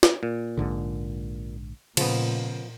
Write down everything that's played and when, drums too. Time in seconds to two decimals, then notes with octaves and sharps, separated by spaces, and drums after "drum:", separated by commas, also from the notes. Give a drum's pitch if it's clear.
0.03 drum: snare
0.23 A#2
0.57 A#1 G#2 D3
1.97 A#2 C#3 F3 B3, drum: cymbal